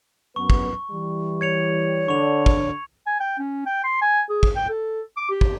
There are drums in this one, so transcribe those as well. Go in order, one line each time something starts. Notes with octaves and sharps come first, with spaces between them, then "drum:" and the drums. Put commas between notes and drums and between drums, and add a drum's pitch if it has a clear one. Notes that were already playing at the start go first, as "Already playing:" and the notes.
F#2 B3 B4 C#6
drum: kick
E3 G3
C#5 G#6 C#7 F7
D3 C#6 F7
drum: kick
G#5
G5
C#4
G5
C6
G#5
G#4
drum: kick
G5
A4
D6
G4
drum: kick